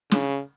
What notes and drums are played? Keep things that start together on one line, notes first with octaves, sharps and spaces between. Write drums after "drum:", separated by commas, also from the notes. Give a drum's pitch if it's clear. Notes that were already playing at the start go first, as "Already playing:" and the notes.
C#3, drum: snare